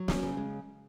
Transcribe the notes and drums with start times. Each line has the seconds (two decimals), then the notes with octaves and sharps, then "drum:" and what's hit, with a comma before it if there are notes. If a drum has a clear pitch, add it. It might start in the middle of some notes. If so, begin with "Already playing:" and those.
Already playing: F#3
0.08 C#4, drum: snare
0.23 C#3
0.37 G#3